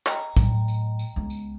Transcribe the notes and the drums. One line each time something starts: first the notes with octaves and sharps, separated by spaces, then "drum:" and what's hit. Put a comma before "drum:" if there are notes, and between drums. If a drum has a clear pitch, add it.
D#5 G5 A#5, drum: clap
A2 F#3, drum: kick, tambourine
drum: tambourine
drum: tambourine
C#2 B3
drum: tambourine